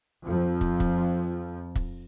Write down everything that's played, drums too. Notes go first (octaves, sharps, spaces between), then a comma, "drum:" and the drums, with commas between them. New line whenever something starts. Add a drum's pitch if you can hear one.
F2 F3
drum: kick
drum: kick
drum: kick